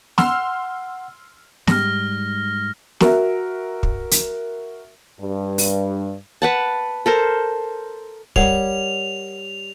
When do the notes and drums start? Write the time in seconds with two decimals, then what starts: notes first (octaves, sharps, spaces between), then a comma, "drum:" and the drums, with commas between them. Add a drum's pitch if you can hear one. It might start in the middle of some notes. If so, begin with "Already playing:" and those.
0.18 F#5 C6 E6 F6, drum: snare
1.67 G#2 G3 F6 A#6, drum: snare
3.00 F#4 A#4 E5, drum: snare
3.83 drum: kick
4.11 drum: hi-hat
5.21 G2
5.58 drum: open hi-hat
6.42 B4 F#5 A5
7.06 A4 A#4 C5
8.36 G3 A#4 C#5 F#5 F7, drum: kick